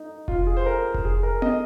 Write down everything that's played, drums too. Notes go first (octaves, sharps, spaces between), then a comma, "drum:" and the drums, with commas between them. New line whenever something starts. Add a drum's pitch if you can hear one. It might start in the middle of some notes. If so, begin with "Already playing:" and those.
Already playing: D#4
F4, drum: kick F1
F4
G#4
C5
A#4
drum: kick F1
G#4
A#4
D#5, drum: tom B3